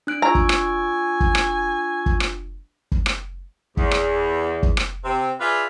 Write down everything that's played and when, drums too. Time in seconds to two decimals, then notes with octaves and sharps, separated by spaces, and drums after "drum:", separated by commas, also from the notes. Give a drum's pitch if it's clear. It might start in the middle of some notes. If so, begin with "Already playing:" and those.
0.07 D4 F#6 D7
0.22 F4 G#5 A#5 C#6 E6
0.35 drum: kick F#1
0.49 drum: rim click
1.20 drum: kick F#1
1.35 drum: rim click
2.06 drum: kick F#1
2.20 drum: rim click
2.92 drum: kick F#1
3.06 drum: rim click
3.77 E2, drum: kick F#1
3.91 drum: rim click
4.63 drum: kick F#1
4.77 drum: rim click
5.04 C3 C4
5.40 F4 G#4 B4 D5 E5